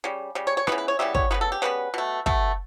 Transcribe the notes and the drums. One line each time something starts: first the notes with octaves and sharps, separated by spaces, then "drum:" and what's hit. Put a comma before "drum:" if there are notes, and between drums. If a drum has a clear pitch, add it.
C#3 G3
C#3 G3
C#5
C#5
C#3 E3 G3 B3 B4, drum: rim click
B4
C#5
C#3 E3 G3 B3 E5
C#5, drum: kick
C#3 G3 B3 B4
A4
G4
C#3 G3 B3 B4
B2 A3
B2 A3, drum: kick